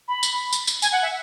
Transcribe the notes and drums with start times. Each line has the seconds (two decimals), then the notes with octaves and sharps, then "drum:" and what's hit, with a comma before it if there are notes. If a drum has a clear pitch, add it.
0.08 B5
0.23 drum: tambourine
0.53 drum: tambourine
0.67 drum: tambourine
0.82 G#5, drum: tambourine
0.92 F#5
1.02 E5